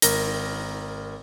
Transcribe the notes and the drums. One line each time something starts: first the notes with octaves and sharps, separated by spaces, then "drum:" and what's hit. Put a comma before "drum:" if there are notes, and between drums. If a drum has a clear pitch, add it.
G#1 A#4 A#6, drum: hi-hat